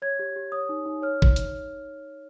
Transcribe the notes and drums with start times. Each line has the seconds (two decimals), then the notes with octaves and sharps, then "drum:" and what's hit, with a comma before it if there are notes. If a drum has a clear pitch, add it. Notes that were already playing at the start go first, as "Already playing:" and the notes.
0.02 C#5 G#6
0.19 G4
0.36 G4
0.52 C#5 D#6
0.69 D#4
0.86 D#4
1.02 C#5 F6
1.22 drum: kick G1
1.36 drum: hi-hat